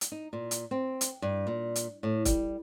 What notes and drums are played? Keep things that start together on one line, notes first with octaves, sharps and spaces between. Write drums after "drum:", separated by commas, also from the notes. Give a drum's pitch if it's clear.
drum: hi-hat
D#4
A#2
drum: hi-hat
C4
drum: hi-hat
G2
A#2
drum: hi-hat
A2
G3, drum: kick, hi-hat